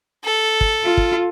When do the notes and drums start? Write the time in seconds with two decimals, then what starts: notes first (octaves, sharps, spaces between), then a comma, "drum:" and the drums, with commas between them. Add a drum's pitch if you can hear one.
0.24 A4
0.61 drum: kick
0.84 F4
0.97 drum: kick